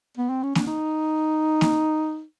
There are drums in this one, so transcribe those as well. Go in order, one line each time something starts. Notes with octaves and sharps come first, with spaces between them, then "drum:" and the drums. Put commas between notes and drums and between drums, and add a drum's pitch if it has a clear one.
B3
C4
C#4
D4, drum: snare A#3
D#4
drum: snare A#3